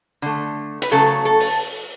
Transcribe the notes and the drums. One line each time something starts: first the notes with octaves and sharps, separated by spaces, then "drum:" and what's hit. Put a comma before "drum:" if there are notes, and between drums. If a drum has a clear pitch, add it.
D3 A3
B4, drum: hi-hat
C#3 F#3 A3 A4
A4
drum: open hi-hat